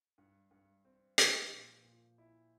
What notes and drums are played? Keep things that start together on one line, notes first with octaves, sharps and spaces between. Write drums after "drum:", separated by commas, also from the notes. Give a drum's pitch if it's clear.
G2
G2
C4
F3, drum: hi-hat
A#2
A#2
E4